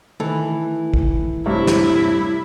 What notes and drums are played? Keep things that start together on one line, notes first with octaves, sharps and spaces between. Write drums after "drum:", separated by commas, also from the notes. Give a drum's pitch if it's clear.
D#3 E3 A3 A4
drum: kick
G2 C3 A3 E4 C#5 A#5
drum: snare